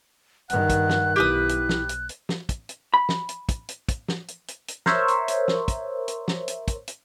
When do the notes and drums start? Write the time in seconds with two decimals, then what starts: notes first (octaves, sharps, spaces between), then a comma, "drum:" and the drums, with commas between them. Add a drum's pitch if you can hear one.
0.50 G2 D#3 F#5 F#6, drum: hi-hat
0.70 drum: kick, hi-hat
0.89 drum: snare
1.16 B1 E4 G4 B4 D#6
1.49 drum: hi-hat
1.69 drum: snare
1.89 drum: hi-hat
2.09 drum: hi-hat
2.29 drum: snare
2.49 drum: kick, hi-hat
2.69 drum: hi-hat
2.94 B5
3.09 drum: snare
3.29 drum: hi-hat
3.49 drum: kick, hi-hat
3.69 drum: hi-hat
3.89 drum: kick, hi-hat
4.08 drum: snare
4.28 drum: hi-hat
4.48 drum: hi-hat
4.68 drum: hi-hat
4.86 A#4 C5 C#5 E5, drum: snare
5.08 drum: hi-hat
5.28 drum: hi-hat
5.48 drum: snare
5.68 drum: kick, hi-hat
6.08 drum: hi-hat
6.28 drum: snare
6.48 drum: hi-hat
6.68 drum: kick, hi-hat
6.88 drum: hi-hat